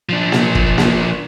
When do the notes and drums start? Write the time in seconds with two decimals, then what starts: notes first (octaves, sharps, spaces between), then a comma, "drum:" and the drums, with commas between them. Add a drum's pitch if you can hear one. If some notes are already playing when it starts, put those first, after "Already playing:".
0.09 F3 D4
0.32 drum: snare A#3
0.55 drum: kick
0.78 drum: snare A#3